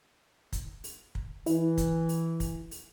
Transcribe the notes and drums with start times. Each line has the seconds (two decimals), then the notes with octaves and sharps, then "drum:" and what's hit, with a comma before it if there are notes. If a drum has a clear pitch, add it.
0.53 drum: kick, hi-hat
0.84 drum: open hi-hat
1.15 drum: kick
1.46 E3 E4, drum: open hi-hat
1.78 drum: kick, hi-hat
2.09 drum: open hi-hat
2.40 drum: kick, open hi-hat
2.71 drum: open hi-hat